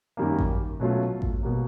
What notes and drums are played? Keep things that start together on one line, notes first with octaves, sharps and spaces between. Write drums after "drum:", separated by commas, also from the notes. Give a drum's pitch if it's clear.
F#2 D#3 G3 A#3
drum: kick A1
B2 F#3 A3 C#4 F4
drum: kick A1
B2 G3 A#3